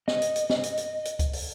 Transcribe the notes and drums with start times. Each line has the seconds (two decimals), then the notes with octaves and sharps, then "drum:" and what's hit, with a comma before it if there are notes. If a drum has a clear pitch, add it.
0.08 D#5, drum: snare
0.22 drum: hi-hat
0.36 drum: hi-hat
0.50 drum: snare
0.64 drum: hi-hat
0.77 drum: hi-hat
1.05 drum: hi-hat
1.19 drum: kick C#2, hi-hat
1.33 drum: open hi-hat